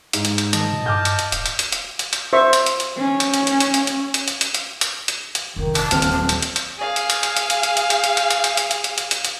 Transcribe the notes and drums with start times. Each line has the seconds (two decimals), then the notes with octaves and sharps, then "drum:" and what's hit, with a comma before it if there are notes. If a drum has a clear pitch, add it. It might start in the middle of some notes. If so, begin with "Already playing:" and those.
0.13 G#2, drum: hi-hat
0.25 drum: hi-hat
0.38 drum: hi-hat
0.53 D#3 D#5 A5, drum: hi-hat
0.72 A#2
0.86 G2 D6 F6 G6
1.05 drum: hi-hat
1.19 drum: hi-hat
1.32 D1, drum: hi-hat
1.46 drum: hi-hat
1.59 drum: hi-hat
1.72 drum: hi-hat
1.99 drum: hi-hat
2.13 drum: hi-hat
2.33 C5 E5 C#6
2.53 drum: hi-hat
2.66 drum: hi-hat
2.80 drum: hi-hat
2.98 C#4
3.20 drum: hi-hat
3.34 drum: hi-hat
3.47 drum: hi-hat
3.60 drum: hi-hat
3.74 drum: hi-hat
3.87 drum: hi-hat
4.14 drum: hi-hat
4.28 drum: hi-hat
4.41 drum: hi-hat
4.54 drum: hi-hat
4.81 drum: hi-hat
5.08 drum: hi-hat
5.35 drum: hi-hat
5.56 F1 D3 D#3
5.75 A5, drum: hi-hat
5.91 D#1 D3 C4 F6, drum: hi-hat
6.02 drum: hi-hat
6.11 F#3 A5
6.29 drum: hi-hat
6.43 drum: hi-hat
6.56 drum: hi-hat
6.78 G#4 F5
6.96 drum: hi-hat
7.10 drum: hi-hat
7.23 drum: hi-hat
7.37 drum: hi-hat
7.50 drum: hi-hat
7.63 drum: hi-hat
7.77 drum: hi-hat
7.90 drum: hi-hat
8.04 drum: hi-hat
8.17 drum: hi-hat
8.31 drum: hi-hat
8.44 drum: hi-hat
8.57 drum: hi-hat
8.71 drum: hi-hat
8.84 drum: hi-hat
8.98 drum: hi-hat
9.11 drum: hi-hat
9.25 drum: hi-hat